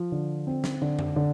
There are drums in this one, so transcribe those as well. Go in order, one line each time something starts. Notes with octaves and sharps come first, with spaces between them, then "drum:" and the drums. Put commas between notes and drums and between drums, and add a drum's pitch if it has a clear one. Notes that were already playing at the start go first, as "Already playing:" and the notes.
Already playing: F3
D3
C4
drum: snare
D3
drum: tom F2
D3